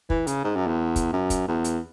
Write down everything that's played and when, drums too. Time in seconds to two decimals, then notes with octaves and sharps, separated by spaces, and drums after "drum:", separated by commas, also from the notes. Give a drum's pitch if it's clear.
0.10 E3, drum: kick
0.27 C#3, drum: hi-hat
0.44 G#2
0.56 F#2
0.67 E2
0.96 drum: kick, hi-hat
1.13 F#2
1.30 drum: kick, hi-hat
1.48 E2
1.64 drum: hi-hat